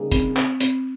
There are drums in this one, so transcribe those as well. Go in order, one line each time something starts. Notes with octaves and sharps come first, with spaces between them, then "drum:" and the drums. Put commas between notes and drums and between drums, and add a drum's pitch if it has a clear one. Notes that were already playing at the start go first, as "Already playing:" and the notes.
Already playing: C#3 G3 A#3 D#4 G#4
C4, drum: kick F1, hi-hat
C4, drum: clap
C4, drum: hi-hat